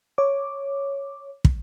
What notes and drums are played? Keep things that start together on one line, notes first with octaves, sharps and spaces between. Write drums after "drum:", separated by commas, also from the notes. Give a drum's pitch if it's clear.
C#5 D6
drum: kick